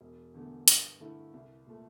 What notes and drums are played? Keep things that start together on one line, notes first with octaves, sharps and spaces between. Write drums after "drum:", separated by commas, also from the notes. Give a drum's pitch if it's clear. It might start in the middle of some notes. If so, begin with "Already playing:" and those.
E1
E2 D3 A3
G2, drum: hi-hat
D3 A3 E4
C2
A#2 A3